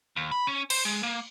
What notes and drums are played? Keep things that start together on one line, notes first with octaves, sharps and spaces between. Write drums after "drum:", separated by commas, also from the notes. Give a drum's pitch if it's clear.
D#2
B5
C#4
C5, drum: cymbal
G#3
A#3